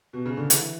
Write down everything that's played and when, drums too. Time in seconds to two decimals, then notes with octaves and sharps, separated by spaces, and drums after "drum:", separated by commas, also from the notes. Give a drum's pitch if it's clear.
0.13 B2
0.26 C#3
0.37 D3
0.50 E3, drum: hi-hat